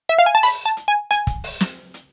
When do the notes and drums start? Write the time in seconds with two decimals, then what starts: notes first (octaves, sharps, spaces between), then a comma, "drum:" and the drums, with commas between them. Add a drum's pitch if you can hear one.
0.09 E5
0.18 F5
0.26 G#5
0.35 A5
0.43 B5, drum: open hi-hat
0.66 A5
0.77 drum: hi-hat
0.88 G#5
1.11 G#5, drum: hi-hat
1.27 drum: kick, hi-hat
1.44 drum: open hi-hat
1.60 drum: snare
1.94 drum: hi-hat